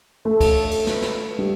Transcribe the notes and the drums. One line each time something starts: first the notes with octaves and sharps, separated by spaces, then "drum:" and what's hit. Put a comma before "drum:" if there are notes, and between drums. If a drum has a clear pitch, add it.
A3 A4
drum: kick, cymbal
drum: cymbal
B4, drum: snare
drum: snare
G3